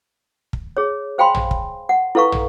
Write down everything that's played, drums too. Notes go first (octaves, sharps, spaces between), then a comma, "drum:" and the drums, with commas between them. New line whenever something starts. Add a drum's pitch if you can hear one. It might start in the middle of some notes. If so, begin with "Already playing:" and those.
drum: kick
G#4 C#5
C5 F5 G5 G#5 B5 C6
drum: tom
drum: kick
F#5
E4 A4 B4 F5 A#5 C#6
drum: tom